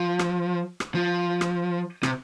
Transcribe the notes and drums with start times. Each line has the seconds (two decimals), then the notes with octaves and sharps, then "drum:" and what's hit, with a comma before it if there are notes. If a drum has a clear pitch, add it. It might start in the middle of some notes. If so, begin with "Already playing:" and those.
Already playing: F3
0.19 drum: rim click
0.80 drum: rim click
0.95 F3
1.41 drum: rim click
2.03 C3, drum: rim click